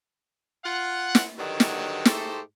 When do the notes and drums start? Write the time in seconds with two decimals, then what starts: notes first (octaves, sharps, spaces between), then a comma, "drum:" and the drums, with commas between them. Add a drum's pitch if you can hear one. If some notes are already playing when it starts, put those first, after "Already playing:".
0.64 F4 F5 F#5
1.15 drum: snare
1.37 G2 D3 D#3 F#3
1.60 drum: snare
2.05 G#2 A3 G4 A4 C5, drum: snare